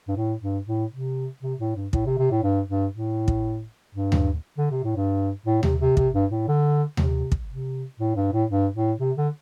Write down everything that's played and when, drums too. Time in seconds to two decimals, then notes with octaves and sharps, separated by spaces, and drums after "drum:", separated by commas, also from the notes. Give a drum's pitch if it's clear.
0.08 G2
0.16 A2
0.41 G2
0.67 A2
0.92 C3
1.43 C3
1.60 A2
1.76 G2
1.93 A2, drum: kick
2.06 C3
2.18 C3
2.31 A2
2.43 G2
2.69 G2
2.94 A2
3.28 drum: kick
3.95 G2
4.12 drum: tom D#2
4.58 D3
4.71 C3
4.84 A2
4.96 G2
5.46 A2
5.63 C3, drum: tom D#2
5.80 C3
5.97 C3, drum: kick
6.14 G2
6.31 A2
6.48 D3
6.97 C3, drum: tom D#2
7.32 drum: kick
7.49 C3
7.99 A2
8.16 G2
8.33 A2
8.50 G2
8.75 A2
9.00 C3
9.17 D3